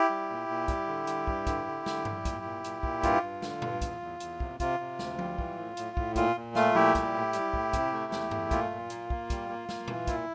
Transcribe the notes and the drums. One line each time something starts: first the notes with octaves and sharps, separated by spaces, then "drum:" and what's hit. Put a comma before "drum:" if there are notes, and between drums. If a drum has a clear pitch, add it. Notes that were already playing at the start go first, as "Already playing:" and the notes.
Already playing: E4 G4
G3
A#2
A#2
G3, drum: kick, hi-hat
D3
G3, drum: hi-hat
G2, drum: kick
D3, drum: kick, hi-hat
D3
D3, drum: snare
G3, drum: tom G2
A#2, drum: kick, hi-hat
A#2
A#2, drum: hi-hat
A#2, drum: kick
G2 F4, drum: kick, hi-hat
G2
D3, drum: snare
G2, drum: tom A#2
E2, drum: kick, hi-hat
E2
E2, drum: hi-hat
C3, drum: kick
C3 F4, drum: kick, hi-hat
C3
D2, drum: snare
G3, drum: tom F3
E3, drum: kick
A2
A2, drum: hi-hat
A2, drum: kick
A#2 F4, drum: kick, hi-hat
A#2
A3 F4, drum: snare
A#2 E4 G4, drum: tom F3
G3, drum: kick, hi-hat
A2
G3, drum: hi-hat
A2, drum: kick
C3, drum: kick, hi-hat
A3
E2, drum: snare
A3, drum: tom G2
A#2 F4, drum: kick, hi-hat
A#2
A#3, drum: hi-hat
A#3, drum: kick
G3, drum: kick, hi-hat
A#3
A#3, drum: snare
E3, drum: tom A#2
A#2 E4, drum: kick, hi-hat